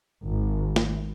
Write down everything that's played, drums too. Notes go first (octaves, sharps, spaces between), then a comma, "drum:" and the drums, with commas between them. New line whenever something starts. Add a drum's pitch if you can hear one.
G#1
drum: snare